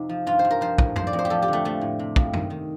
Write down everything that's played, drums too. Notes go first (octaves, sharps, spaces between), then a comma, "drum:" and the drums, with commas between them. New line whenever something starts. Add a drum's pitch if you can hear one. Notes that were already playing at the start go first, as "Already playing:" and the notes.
Already playing: F2 C3 D#4
F3
G2 F4
C5
G2
A#4
F3 C5
A2, drum: kick
F2 C5, drum: tom
D5
F2
C5
G4
F3 A4
G4
D3 A3
F3 A3
A2
C3
F2, drum: kick
D#3, drum: tom
D#3